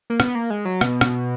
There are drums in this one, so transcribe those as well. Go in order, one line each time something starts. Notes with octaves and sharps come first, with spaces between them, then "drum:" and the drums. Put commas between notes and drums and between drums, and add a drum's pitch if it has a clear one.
A#3
B3, drum: rim click
A#3
G#3
F#3
B2, drum: rim click
drum: rim click